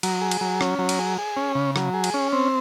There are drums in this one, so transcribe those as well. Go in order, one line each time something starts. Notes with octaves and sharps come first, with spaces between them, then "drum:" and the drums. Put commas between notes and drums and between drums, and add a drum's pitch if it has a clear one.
F#3, drum: cymbal
G#4
drum: cymbal
F#3
C#4, drum: rim click
F#3
drum: cymbal
G#4
G#4
C#4
C#3
F#3, drum: rim click
G#4
drum: cymbal
C#4
C4